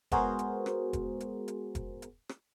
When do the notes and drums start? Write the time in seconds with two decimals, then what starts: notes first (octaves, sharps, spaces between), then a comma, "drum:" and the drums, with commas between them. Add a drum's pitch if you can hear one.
0.12 G#3 B3 F#4 G#4 A#4 C5, drum: kick F1, hi-hat
0.39 drum: hi-hat
0.66 drum: rim click
0.93 drum: kick F1, hi-hat
1.20 drum: hi-hat
1.48 drum: hi-hat
1.75 drum: kick F1, hi-hat
2.02 drum: hi-hat
2.29 drum: rim click